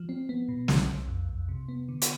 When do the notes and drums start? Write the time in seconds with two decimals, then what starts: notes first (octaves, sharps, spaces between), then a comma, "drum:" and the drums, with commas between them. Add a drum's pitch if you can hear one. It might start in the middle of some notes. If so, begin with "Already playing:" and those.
Already playing: F3
0.09 C4
0.29 B3
0.49 B2
0.68 B1, drum: snare
0.89 B1
1.08 F2
1.29 F2
1.49 C3
1.68 B3
1.88 D3
2.02 drum: hi-hat